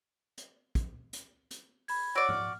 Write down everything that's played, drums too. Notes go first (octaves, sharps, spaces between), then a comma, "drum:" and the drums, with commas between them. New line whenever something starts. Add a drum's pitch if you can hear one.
drum: hi-hat
drum: kick, hi-hat
drum: hi-hat
drum: hi-hat
B5 G#6, drum: open hi-hat
F#4 C#5 D5 E6 D7
F6, drum: tom G#2